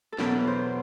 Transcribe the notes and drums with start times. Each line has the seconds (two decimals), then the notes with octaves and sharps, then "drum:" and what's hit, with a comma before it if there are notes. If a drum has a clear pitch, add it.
0.12 A4
0.19 E2 B2 F#3 A#4, drum: snare
0.47 C5